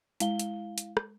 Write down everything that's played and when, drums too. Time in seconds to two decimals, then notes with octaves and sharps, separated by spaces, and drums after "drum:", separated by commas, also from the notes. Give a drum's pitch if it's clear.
0.20 G#3 E4 F5 G7, drum: hi-hat
0.39 drum: hi-hat
0.78 drum: hi-hat
0.97 drum: rim click